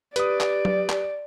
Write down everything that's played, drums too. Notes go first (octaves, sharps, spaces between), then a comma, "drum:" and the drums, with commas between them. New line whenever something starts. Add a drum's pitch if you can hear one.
G4 B4 D5 D#6, drum: hi-hat
drum: clap
drum: tom F#3
drum: clap